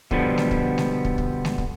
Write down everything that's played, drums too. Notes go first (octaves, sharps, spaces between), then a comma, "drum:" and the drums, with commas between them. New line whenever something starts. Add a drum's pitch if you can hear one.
B2 D3 F3 G3 B3, drum: kick
drum: snare G#3
drum: kick
drum: snare G#3
drum: kick
drum: kick
drum: snare G#3
drum: kick